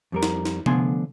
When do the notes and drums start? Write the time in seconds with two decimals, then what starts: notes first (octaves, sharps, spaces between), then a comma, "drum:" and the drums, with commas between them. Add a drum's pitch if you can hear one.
0.12 F2 G3 A#4
0.23 drum: snare
0.45 drum: snare
0.66 D3 F3 A3 B3 G#5 C6, drum: tom C3